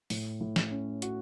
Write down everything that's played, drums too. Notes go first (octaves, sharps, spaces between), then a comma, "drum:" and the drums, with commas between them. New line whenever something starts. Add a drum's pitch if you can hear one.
A2, drum: open hi-hat
A2
drum: snare
C#4
F#4, drum: hi-hat